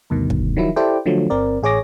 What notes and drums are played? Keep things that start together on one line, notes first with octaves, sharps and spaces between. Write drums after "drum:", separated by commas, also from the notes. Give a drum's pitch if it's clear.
D2 G2 B2 D#3
drum: kick
D#3 F3 F#3 E4
E4 G4 A4 C5 D5 G5
D3 F3 F#3 A3
G1 C4 A#4 D5
A1 G#4 C#5 D6 A#6